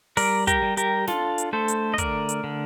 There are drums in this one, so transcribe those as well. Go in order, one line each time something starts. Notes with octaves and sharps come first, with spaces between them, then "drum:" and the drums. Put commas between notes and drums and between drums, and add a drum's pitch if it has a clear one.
G3 A#4 D5, drum: open hi-hat
G4 A#4, drum: kick, hi-hat
G3
G4 A#4, drum: hi-hat
D4 F4 A4, drum: snare
drum: hi-hat
A3 A4 C5
drum: hi-hat
D#5
D3 A#4 D5, drum: kick, hi-hat
drum: hi-hat
D3